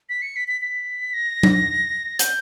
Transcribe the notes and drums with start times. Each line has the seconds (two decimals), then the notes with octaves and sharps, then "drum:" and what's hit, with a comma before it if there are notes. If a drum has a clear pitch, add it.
0.09 B6
0.22 C#7
0.36 B6
0.48 B6
0.61 B6
1.14 A#6
1.43 drum: tom F#3
2.19 G6, drum: hi-hat